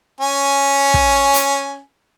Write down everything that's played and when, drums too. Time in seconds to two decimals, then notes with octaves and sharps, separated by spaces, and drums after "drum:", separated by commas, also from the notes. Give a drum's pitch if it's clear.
0.20 C#4 G#5
0.94 drum: kick
1.34 drum: hi-hat